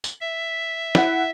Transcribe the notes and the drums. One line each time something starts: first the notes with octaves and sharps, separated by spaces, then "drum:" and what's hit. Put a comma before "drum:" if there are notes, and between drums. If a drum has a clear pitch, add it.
drum: tambourine
E5
E4 F#5, drum: snare